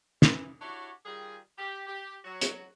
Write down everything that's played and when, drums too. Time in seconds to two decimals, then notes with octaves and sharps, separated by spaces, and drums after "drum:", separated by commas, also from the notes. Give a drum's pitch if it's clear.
0.22 E3, drum: snare
0.61 D4 E4 F#4 G4 C#5
1.06 D#3 G3 F4 G#4
1.58 G4
1.87 G4
2.25 F#3 F#4
2.41 drum: hi-hat